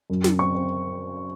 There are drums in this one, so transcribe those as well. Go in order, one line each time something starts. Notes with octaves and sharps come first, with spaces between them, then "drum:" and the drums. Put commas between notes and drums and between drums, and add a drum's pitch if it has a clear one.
F#2
F#2, drum: snare
C4 C#6
C4